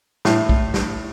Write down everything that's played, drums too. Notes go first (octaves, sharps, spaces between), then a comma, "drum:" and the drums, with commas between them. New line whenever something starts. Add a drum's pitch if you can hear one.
A2, drum: snare
drum: kick B1
drum: snare